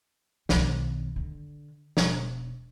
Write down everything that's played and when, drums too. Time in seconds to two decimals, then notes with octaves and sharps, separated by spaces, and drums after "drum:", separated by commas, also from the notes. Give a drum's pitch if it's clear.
0.49 B1 D#3, drum: snare
1.16 D3
1.97 E1, drum: snare